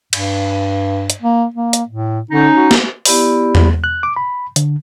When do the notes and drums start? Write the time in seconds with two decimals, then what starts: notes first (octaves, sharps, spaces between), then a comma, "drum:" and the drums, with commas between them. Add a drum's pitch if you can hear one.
0.13 G2, drum: cymbal
1.10 drum: hi-hat
1.22 A#3
1.54 A#3
1.73 drum: hi-hat
1.89 A2
2.31 D3 C#4 D#4
2.55 F#4
2.71 drum: snare
3.05 B3 E4 G4 D5 B5, drum: open hi-hat
3.55 drum: tom E2
3.84 F#6
4.03 D6
4.16 B5
4.56 D3, drum: hi-hat